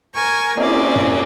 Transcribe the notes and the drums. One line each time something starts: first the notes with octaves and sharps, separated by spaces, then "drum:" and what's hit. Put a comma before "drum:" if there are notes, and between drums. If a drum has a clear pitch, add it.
A#4 G#5 C#6
A#3 C4 C#4 D5, drum: cymbal
drum: tom